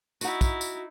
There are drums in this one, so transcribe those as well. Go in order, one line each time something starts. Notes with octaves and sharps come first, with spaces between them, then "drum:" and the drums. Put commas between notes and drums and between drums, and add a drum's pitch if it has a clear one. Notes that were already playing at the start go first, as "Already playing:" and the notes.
D#4 E4 F#4 F#5, drum: tambourine
drum: kick, tambourine
drum: tambourine